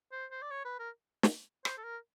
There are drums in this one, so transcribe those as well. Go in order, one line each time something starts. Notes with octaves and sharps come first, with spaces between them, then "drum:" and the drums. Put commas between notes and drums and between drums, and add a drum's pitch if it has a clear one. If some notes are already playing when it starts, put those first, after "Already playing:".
C5
C5
D5
C#5
B4
A#4
drum: snare
C5, drum: rim click
A4
A#4